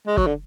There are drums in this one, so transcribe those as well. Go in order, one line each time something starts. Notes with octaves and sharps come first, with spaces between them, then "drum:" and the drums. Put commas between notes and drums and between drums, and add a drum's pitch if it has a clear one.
G#3
F#3, drum: kick F#1
D3